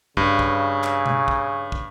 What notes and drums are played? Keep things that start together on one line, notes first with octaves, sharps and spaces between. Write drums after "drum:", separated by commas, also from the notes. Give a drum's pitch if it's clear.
G2 C#3, drum: kick
drum: kick
drum: clap
drum: tom B2
drum: kick
drum: kick